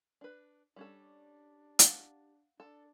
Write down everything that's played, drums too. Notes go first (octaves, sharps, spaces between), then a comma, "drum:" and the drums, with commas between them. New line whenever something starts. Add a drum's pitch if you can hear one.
D4 B4
G3 C#4 D4 A4
F5 F#5 A6, drum: hi-hat
D4 A4